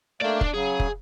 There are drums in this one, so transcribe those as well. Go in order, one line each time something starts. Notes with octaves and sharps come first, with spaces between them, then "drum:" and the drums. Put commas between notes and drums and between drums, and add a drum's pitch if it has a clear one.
A3 A#3 D4 D5
drum: kick
C#3 F#3 G#4
drum: kick